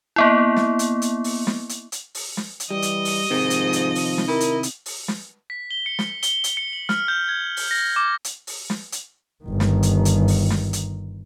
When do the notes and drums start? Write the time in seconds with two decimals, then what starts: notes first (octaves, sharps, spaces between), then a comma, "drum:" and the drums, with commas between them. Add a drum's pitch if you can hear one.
0.16 A#3 B3 E4
0.56 drum: snare
0.79 drum: hi-hat
1.02 drum: hi-hat
1.24 drum: open hi-hat
1.47 drum: snare
1.69 drum: hi-hat
1.92 drum: hi-hat
2.15 drum: open hi-hat
2.37 drum: snare
2.60 drum: hi-hat
2.71 E3 G3 D#5
2.82 drum: hi-hat
3.05 drum: open hi-hat
3.31 G#2 C3 D#3 F3
3.50 drum: hi-hat
3.73 drum: hi-hat
3.95 drum: open hi-hat
4.18 drum: snare
4.28 E4 A#4
4.40 drum: hi-hat
4.63 drum: hi-hat
4.86 drum: open hi-hat
5.08 drum: snare
5.50 B6
5.71 G7
5.86 C#7
5.99 drum: snare
6.23 G7, drum: hi-hat
6.44 drum: hi-hat
6.57 C#7
6.73 F#7
6.89 F6, drum: snare
7.08 G6
7.28 G#6
7.57 drum: open hi-hat
7.71 A#6
7.96 D6
8.24 drum: hi-hat
8.47 drum: open hi-hat
8.70 drum: snare
8.92 drum: hi-hat
9.44 G1 D#3
9.60 drum: snare
9.83 drum: hi-hat
10.05 drum: hi-hat
10.28 drum: open hi-hat
10.50 drum: snare
10.73 drum: hi-hat